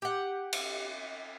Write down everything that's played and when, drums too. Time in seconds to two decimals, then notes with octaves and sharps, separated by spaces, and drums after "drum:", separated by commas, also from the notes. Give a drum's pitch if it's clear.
0.02 G4 F#5
0.53 drum: cymbal